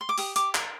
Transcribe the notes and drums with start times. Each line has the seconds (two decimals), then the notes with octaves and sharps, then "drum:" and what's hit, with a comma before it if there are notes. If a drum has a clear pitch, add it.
0.01 C6
0.09 D6
0.18 G4 D#6, drum: open hi-hat
0.36 G4 D6, drum: hi-hat
0.55 A#4, drum: clap